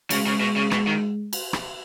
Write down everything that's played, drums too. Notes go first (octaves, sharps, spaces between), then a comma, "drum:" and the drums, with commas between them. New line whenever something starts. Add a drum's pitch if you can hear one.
C#3 G#3, drum: cymbal
C#3
B2
C#3
B2, drum: rim click
D#3
drum: cymbal
drum: rim click